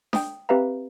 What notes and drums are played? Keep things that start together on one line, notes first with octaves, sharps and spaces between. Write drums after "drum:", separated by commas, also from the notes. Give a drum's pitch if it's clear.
G5 D#6, drum: snare D4
C4 G4 B4 E5 F5 A#5